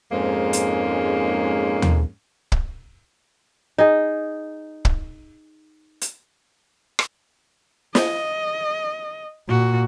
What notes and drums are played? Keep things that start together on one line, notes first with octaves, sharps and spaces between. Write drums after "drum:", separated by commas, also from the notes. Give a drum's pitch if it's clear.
F2 G#2 G#3 A#3 C#4
drum: hi-hat
drum: tom D#2
drum: kick
D#4 G#4
drum: kick
drum: hi-hat
drum: rim click
D#5, drum: snare
A#2 F#4